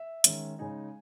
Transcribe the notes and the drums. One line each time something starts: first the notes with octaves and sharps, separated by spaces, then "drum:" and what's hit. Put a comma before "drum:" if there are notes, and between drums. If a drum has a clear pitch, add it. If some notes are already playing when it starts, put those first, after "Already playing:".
Already playing: E5
D#3 G#3 C#4, drum: hi-hat
C#3 G#3 D#4 G#5